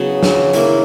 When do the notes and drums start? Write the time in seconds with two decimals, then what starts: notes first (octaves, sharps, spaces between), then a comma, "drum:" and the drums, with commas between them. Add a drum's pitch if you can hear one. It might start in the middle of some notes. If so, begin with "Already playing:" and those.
Already playing: C#3 F#3 B3 E4
0.23 drum: snare
0.53 A#3 E4 B4, drum: hi-hat